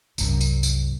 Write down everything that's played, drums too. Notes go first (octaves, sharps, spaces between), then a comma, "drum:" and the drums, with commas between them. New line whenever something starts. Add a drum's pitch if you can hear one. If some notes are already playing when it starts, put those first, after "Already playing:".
C2 F#2, drum: tambourine
drum: tambourine
drum: tambourine